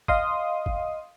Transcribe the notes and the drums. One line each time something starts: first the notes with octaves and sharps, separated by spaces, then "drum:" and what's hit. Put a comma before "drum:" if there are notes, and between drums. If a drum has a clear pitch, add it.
D#5 F5 C6 D#6, drum: kick G1
drum: kick G1